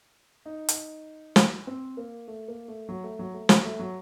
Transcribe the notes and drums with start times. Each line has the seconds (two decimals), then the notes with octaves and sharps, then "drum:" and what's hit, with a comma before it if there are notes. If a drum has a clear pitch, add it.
0.46 D#4
0.69 drum: hi-hat
1.36 drum: snare
1.67 C4
1.97 A#3
2.28 A3
2.48 A#3
2.68 A3
2.89 F#3
3.04 A3
3.19 F#3
3.34 A3
3.49 F#3, drum: snare
3.65 A3
3.79 F#3